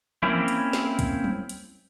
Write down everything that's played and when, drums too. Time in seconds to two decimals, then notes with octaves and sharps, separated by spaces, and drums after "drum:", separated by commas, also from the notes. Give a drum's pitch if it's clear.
0.23 A#3 C4 C#4 E4, drum: tom E3
0.48 drum: hi-hat
0.73 drum: snare
0.99 drum: kick, hi-hat
1.24 drum: tom
1.49 drum: hi-hat